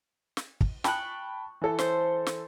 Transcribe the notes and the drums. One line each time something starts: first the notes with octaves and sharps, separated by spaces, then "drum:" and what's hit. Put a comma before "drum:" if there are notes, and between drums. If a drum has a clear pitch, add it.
drum: snare
drum: kick
G5 A5 B5 C#6 F#6, drum: snare
E3 A4
C5, drum: snare
drum: snare